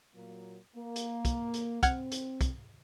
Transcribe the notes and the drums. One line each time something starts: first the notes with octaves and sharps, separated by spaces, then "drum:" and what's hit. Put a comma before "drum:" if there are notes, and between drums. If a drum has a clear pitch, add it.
A#2 F#3 A#3
A#3
drum: hi-hat
drum: kick, hi-hat
drum: hi-hat
C4 F#5 F6 G#6, drum: kick, hi-hat
drum: hi-hat
drum: kick, hi-hat